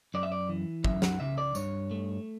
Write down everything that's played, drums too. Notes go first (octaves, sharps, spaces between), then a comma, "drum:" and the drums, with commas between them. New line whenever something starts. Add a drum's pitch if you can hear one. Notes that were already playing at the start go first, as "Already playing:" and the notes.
F#2 D5
E5
D5
E3
F#2 E5, drum: kick
F#5, drum: snare
C#3 E5
D5
G2 C#5, drum: tambourine
A3